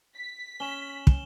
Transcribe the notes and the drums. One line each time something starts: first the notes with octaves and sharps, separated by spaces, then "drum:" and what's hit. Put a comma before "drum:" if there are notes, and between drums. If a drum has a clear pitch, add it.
B6
C#4 E7 F#7 G7
drum: kick